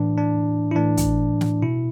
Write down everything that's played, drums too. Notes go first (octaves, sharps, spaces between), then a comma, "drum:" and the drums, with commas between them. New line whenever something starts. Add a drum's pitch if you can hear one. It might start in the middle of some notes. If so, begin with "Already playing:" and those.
Already playing: A2 E3 D4
D4
E4
A2 E3 D4
drum: kick, hi-hat
drum: snare
B2 E4